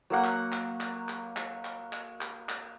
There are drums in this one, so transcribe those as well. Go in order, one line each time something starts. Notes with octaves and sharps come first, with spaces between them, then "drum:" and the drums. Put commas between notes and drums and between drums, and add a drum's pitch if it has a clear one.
F#3 A#3 F#5
drum: clap
drum: clap
drum: clap
drum: clap
drum: clap
drum: clap
drum: clap
drum: clap
drum: clap